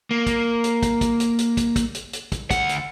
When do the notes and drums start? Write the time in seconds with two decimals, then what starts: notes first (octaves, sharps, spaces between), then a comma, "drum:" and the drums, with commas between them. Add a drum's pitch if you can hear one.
0.11 A#3
0.27 drum: kick, hi-hat
0.64 drum: hi-hat
0.83 drum: kick, hi-hat
1.01 drum: kick, hi-hat
1.20 drum: hi-hat
1.39 drum: hi-hat
1.57 drum: kick, hi-hat
1.76 drum: kick, hi-hat
1.95 drum: hi-hat
2.13 drum: hi-hat
2.32 drum: kick, hi-hat
2.51 D2 F#5, drum: kick, hi-hat
2.69 drum: hi-hat